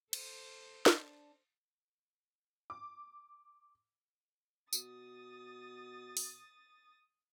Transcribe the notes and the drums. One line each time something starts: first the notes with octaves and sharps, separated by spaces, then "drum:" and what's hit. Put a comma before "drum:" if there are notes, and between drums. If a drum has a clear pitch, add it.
A4 C5, drum: cymbal
D4, drum: snare
D6
B2 D#6 A6, drum: tambourine
drum: open hi-hat